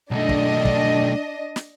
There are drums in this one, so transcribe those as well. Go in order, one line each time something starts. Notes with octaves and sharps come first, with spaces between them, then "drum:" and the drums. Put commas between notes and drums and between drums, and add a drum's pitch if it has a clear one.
B1 A3 D4 D#5
drum: kick
drum: kick
drum: snare